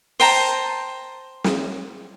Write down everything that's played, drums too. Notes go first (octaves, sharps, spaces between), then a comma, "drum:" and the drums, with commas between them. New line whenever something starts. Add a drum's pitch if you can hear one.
C5 G5 A5 A#5, drum: open hi-hat
drum: snare